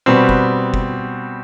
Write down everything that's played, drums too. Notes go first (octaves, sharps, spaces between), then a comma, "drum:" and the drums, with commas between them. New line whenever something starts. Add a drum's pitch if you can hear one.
B2 G3 B3 C4
drum: kick
drum: kick